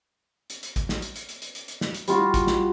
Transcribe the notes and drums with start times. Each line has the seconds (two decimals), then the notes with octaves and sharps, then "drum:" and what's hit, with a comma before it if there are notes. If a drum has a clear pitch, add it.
0.50 drum: hi-hat
0.63 drum: hi-hat
0.76 drum: kick A1, hi-hat
0.89 drum: snare
1.02 drum: hi-hat
1.16 drum: hi-hat
1.29 drum: hi-hat
1.42 drum: hi-hat
1.55 drum: hi-hat
1.68 drum: hi-hat
1.81 drum: snare
1.94 drum: hi-hat
2.08 G3 F4 F#4, drum: hi-hat
2.34 drum: kick A1, hi-hat
2.47 drum: snare